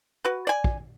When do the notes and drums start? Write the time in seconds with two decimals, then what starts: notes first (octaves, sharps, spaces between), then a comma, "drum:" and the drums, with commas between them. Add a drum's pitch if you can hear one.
0.25 F#4 B4
0.47 D5 G#5
0.64 drum: kick